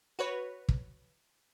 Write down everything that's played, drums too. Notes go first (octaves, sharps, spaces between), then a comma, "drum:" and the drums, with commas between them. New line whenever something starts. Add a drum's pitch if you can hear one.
F#4 B4 C#5
drum: kick